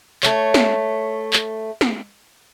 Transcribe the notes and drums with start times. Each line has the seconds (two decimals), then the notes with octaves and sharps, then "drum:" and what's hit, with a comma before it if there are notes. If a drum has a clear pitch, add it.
0.23 A3 C#5, drum: clap
0.54 drum: snare
1.33 drum: clap
1.81 drum: snare